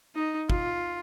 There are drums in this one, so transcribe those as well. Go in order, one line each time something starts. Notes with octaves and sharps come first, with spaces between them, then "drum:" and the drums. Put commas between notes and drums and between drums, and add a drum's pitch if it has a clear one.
D#4
F4, drum: kick